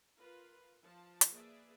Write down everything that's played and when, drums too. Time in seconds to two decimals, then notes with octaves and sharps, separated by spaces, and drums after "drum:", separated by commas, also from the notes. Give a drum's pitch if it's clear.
0.19 F4 A#4 B4
0.82 F3 A5
1.21 drum: hi-hat
1.32 A#3 G#4 B4 D5 E5